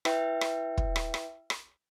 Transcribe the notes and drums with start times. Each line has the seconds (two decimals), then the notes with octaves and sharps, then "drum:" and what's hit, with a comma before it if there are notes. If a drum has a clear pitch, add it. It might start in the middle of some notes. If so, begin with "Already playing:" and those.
0.05 E4 B4 E5 G5, drum: rim click
0.41 drum: rim click
0.78 drum: kick
0.96 drum: rim click
1.14 drum: rim click
1.50 drum: rim click